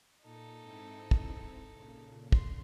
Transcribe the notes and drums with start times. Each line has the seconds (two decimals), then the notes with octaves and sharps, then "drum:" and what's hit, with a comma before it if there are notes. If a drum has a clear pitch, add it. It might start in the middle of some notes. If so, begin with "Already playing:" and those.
0.24 A#2 D#4 A4
0.62 G#2 C4 E4
1.11 drum: kick
1.73 A#2 C#3
2.32 C6, drum: kick